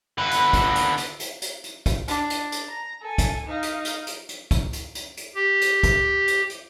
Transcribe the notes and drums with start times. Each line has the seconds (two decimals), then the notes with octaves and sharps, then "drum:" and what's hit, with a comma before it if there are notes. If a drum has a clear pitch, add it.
0.18 D3 B4
0.31 drum: hi-hat
0.53 drum: kick, hi-hat
0.75 drum: hi-hat
0.98 drum: hi-hat
1.20 drum: hi-hat
1.42 drum: hi-hat
1.64 drum: hi-hat
1.86 drum: kick, hi-hat
2.08 D4, drum: hi-hat
2.30 drum: hi-hat
2.52 drum: hi-hat
2.68 A#5
3.01 A4 G#5
3.18 drum: kick, hi-hat
3.46 D#4 F5
3.63 drum: hi-hat
3.85 drum: hi-hat
4.07 drum: hi-hat
4.29 drum: hi-hat
4.51 drum: kick, hi-hat
4.73 drum: hi-hat
4.95 drum: hi-hat
5.17 drum: hi-hat
5.35 G4
5.61 drum: hi-hat
5.83 drum: kick, hi-hat
6.28 drum: hi-hat
6.50 drum: hi-hat